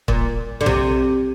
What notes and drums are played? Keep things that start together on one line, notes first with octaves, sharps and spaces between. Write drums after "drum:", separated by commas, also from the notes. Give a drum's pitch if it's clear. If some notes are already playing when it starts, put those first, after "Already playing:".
A#2, drum: kick
D3
C3, drum: tom B1